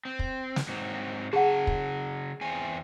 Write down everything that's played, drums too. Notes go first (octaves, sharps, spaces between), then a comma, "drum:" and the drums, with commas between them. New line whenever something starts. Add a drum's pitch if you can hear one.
C4
drum: kick
drum: snare
G#2 F#3 C4
C#3 F#3 G#4 F#5 A5
drum: kick
E2 C4 G#5